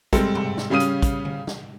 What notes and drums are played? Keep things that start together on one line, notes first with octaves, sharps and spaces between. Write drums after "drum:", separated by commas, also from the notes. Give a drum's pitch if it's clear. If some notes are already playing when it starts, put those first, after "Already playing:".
G3 G#3 C4 A4, drum: kick, hi-hat
drum: tom G2
drum: snare
C#3 G3 C#4 F5 D#6 D#7
drum: hi-hat
drum: kick, hi-hat
drum: tom D3
drum: snare